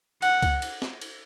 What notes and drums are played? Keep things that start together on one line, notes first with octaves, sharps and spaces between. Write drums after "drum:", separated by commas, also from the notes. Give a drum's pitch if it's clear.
F#5, drum: cymbal
drum: kick C#2, cymbal
drum: cymbal
drum: snare
drum: cymbal